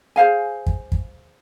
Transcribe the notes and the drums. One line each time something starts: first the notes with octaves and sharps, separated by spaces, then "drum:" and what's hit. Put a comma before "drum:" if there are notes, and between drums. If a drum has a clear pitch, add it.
G#4 C5 F5 G#5
drum: kick
drum: kick